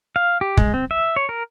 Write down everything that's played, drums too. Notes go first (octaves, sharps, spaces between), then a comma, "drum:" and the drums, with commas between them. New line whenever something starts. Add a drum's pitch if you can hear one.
F5
G4
G#3, drum: kick
C4
E5
C#5
A#4